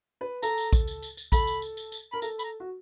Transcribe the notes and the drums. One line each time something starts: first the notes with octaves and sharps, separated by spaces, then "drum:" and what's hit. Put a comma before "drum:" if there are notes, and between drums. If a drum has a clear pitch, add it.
B4
A4 A#5, drum: tambourine
drum: tambourine
drum: kick, tambourine
drum: tambourine
drum: tambourine
drum: tambourine
A4 B5, drum: kick, tambourine
drum: tambourine
drum: tambourine
drum: tambourine
drum: tambourine
A#4 B5
A4 A#5, drum: tambourine
B5, drum: tambourine
A#5
F#4